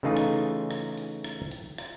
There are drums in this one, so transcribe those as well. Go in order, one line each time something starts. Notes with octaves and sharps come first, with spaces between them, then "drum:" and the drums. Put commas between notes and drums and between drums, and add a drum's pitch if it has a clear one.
C#3 E3 A3 D#4 F4 G#4
drum: rim click
drum: rim click
drum: hi-hat
drum: rim click
drum: hi-hat
drum: rim click